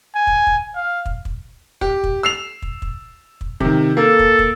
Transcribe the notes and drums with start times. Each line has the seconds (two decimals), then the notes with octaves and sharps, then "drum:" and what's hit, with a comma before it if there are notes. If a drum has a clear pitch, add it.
0.15 G#5
0.27 drum: kick
0.47 drum: kick
0.75 F5
1.06 drum: kick
1.25 drum: kick
1.81 G4, drum: kick
2.04 drum: kick
2.23 E6 C7 F7
2.62 drum: kick
2.82 drum: kick
3.41 drum: kick
3.60 C3 D#3, drum: kick
3.97 A#3 A4
4.19 drum: kick
4.39 drum: kick